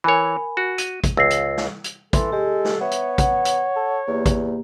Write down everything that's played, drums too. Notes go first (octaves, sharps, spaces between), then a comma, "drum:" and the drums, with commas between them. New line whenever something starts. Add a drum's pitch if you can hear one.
E3 A#4 C#5 G#5 B5
F#4
D#7, drum: hi-hat
drum: kick, hi-hat
C#2 E6 A#6 C7
drum: hi-hat
drum: snare
drum: hi-hat
E3 A4 C6, drum: kick, hi-hat
G#3 G4
drum: snare
B3 C#5 E5
drum: hi-hat
F#5, drum: kick, hi-hat
drum: hi-hat
A4
E2 A#3 G4
drum: kick, hi-hat